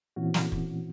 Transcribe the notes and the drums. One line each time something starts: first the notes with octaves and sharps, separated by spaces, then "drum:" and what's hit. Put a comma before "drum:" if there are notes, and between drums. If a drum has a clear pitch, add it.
A#2 E3 C4 C#4 E4 F#4
drum: snare
drum: kick